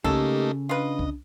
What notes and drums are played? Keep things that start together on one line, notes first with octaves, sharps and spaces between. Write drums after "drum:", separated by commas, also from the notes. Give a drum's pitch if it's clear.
C#3 A3 A#3 D#4 G4 A4, drum: kick C2
D4 F4 B4 D#5
drum: kick C2